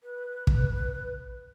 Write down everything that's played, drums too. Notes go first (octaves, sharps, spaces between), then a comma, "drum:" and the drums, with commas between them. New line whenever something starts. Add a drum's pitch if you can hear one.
B4
drum: kick